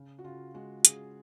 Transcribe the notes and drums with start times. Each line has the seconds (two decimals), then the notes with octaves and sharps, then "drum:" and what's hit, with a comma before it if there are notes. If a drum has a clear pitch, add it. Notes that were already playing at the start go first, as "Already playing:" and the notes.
Already playing: C#3
0.19 F#4
0.24 C#3 F4
0.54 G#3 F#4
0.85 C#3 G#4, drum: hi-hat